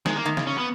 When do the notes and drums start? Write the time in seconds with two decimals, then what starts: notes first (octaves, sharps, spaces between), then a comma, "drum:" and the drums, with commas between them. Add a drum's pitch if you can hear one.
0.06 D#3 G#3, drum: snare
0.16 A#3
0.26 D#3
0.37 C#3, drum: snare
0.47 C#4
0.58 B3